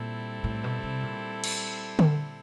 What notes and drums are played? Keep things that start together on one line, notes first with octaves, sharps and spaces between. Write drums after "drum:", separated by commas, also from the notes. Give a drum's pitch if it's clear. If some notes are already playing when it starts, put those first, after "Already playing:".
Already playing: A#2 G3 C4 E4 A4
A2
B2
C3
A#2
drum: cymbal
A#2, drum: tom D3